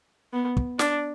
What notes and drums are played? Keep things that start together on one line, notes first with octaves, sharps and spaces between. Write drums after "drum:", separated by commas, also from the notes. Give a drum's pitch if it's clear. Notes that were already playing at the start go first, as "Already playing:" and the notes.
B3
drum: kick
D4, drum: snare